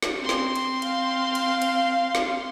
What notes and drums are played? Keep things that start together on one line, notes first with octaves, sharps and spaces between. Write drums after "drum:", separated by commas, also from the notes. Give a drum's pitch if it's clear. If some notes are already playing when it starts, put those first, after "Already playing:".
drum: snare
C4 C6
drum: snare
drum: cymbal
F5, drum: cymbal
drum: cymbal
drum: cymbal
drum: snare